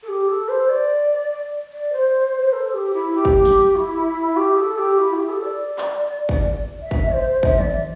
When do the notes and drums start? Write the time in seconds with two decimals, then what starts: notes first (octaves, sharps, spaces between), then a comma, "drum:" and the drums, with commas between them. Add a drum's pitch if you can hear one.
0.02 A4
0.08 G4
0.28 A4
0.48 C5
0.68 D5
1.30 D5
1.71 D5, drum: open hi-hat
1.92 C5
2.41 C5
2.52 A4
2.73 G4
2.93 E4
3.14 G4
3.25 drum: kick
3.45 drum: snare
3.75 E4
4.36 G4
4.56 A4
4.77 G4
4.98 E4
5.13 G4
5.28 A4
5.44 D5
5.78 drum: clap
6.29 drum: kick
6.81 E5
6.91 drum: kick
7.12 C5
7.43 E5, drum: kick
7.58 D5, drum: tom D#3